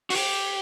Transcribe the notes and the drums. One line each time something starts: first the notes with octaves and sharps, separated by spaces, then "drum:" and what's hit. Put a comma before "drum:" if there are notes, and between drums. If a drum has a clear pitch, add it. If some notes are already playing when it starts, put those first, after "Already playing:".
F#4, drum: open hi-hat
G4